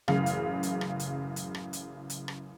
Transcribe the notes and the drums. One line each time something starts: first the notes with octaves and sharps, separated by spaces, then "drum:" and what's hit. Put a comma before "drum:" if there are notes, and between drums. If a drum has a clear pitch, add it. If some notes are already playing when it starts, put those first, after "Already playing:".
A1 F#2 C#3 F5, drum: rim click
drum: hi-hat
drum: hi-hat
drum: rim click
drum: hi-hat
drum: hi-hat
drum: rim click
drum: hi-hat
drum: hi-hat
drum: rim click